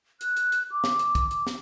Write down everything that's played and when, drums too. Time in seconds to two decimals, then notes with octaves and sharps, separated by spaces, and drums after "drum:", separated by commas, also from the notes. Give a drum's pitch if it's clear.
0.21 F#6, drum: hi-hat
0.37 drum: hi-hat
0.52 drum: hi-hat
0.72 D6
0.84 drum: snare
0.99 drum: hi-hat
1.15 drum: kick, hi-hat
1.31 drum: hi-hat
1.47 drum: snare